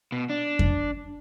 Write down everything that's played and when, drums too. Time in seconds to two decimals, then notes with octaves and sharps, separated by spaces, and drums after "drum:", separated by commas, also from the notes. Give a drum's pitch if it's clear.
0.12 B2
0.29 D4
0.59 drum: kick F2